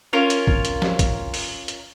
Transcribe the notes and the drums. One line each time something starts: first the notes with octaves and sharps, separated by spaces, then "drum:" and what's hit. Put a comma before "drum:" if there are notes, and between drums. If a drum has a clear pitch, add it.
C#4 F4 A#4 C#5
drum: hi-hat
drum: kick
drum: hi-hat
drum: snare
drum: kick, hi-hat
drum: open hi-hat
drum: hi-hat